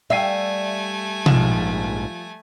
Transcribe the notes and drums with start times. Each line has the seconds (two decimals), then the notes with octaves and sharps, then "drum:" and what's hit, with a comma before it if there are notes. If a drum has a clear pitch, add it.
0.10 G3 A3 E5 F5 G#5 C7 D#7
1.26 A#1 G#2 F3 E7, drum: tom B2